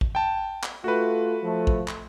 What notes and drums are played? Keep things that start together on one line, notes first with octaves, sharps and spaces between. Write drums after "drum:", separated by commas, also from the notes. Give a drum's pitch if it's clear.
drum: kick A1
G5 A5
drum: clap
A3 F4 F#4 B4
F3 A3
drum: kick A1
drum: clap